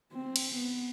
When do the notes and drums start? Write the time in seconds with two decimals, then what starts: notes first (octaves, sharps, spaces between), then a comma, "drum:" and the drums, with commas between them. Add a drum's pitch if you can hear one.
0.12 C4
0.36 drum: cymbal
0.56 B3